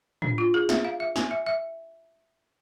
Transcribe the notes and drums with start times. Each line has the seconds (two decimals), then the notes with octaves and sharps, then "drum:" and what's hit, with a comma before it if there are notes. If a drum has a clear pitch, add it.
0.22 D4, drum: tom A2
0.38 F4
0.54 G#4
0.69 E5, drum: snare
0.85 F5
1.00 E5
1.16 G#5, drum: snare
1.31 E5
1.46 E5